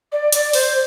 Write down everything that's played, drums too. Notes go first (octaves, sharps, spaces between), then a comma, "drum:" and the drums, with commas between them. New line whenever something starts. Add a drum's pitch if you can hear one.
D5
D5, drum: hi-hat
C5, drum: open hi-hat